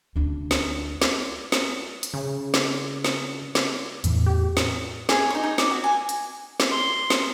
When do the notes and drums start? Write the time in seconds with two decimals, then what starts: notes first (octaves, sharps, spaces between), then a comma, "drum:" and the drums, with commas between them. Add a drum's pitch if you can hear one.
0.16 D2 D4
0.51 drum: snare
1.02 drum: snare
1.52 drum: snare
2.03 drum: hi-hat
2.14 C#3
2.54 drum: snare
3.04 drum: snare
3.55 drum: snare
4.04 E2 A2 E3, drum: hi-hat
4.26 G4
4.57 drum: snare
5.09 G#4 C#5, drum: snare
5.30 D#4 C#6
5.44 D#4
5.58 D6, drum: snare
5.71 F#4
5.84 G#5
6.09 drum: hi-hat
6.60 drum: snare
6.71 C6
7.10 drum: snare